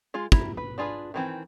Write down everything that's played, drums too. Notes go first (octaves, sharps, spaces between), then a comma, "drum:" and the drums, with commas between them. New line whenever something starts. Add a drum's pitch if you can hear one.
G#3 F4
E4 A#5, drum: kick
B4
D4 F4 G#4 B4
D#3 E3 C4